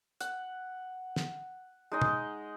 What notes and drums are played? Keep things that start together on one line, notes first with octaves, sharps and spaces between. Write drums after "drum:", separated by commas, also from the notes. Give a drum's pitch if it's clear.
F#5, drum: hi-hat
drum: snare
G#3 D#4 D#5
drum: tom